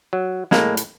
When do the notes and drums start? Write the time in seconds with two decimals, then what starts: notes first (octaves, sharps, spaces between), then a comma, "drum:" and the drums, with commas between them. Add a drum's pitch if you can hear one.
0.13 F#3
0.51 A2 G#3 A#3, drum: snare
0.77 drum: hi-hat